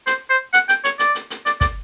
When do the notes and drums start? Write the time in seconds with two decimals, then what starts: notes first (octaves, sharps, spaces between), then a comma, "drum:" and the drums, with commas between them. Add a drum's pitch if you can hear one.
0.07 C5, drum: hi-hat
0.30 C5
0.54 F#5, drum: hi-hat
0.69 G5, drum: hi-hat
0.84 C#5, drum: hi-hat
0.99 D5, drum: hi-hat
1.15 drum: hi-hat
1.30 drum: hi-hat
1.46 D5, drum: hi-hat
1.61 D5, drum: kick, hi-hat